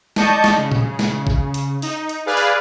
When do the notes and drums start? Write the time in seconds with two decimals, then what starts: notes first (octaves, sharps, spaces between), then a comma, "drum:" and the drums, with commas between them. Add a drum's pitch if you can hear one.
0.16 D5 D#5 A5 C#6 G6, drum: snare
0.44 drum: snare
0.57 C#3
0.72 drum: tom A#2
0.99 drum: snare
1.27 drum: kick
1.54 drum: hi-hat
1.82 D#4, drum: open hi-hat
2.09 drum: hi-hat
2.26 G#4 B4 D5 F5 F6 F#6
2.37 drum: open hi-hat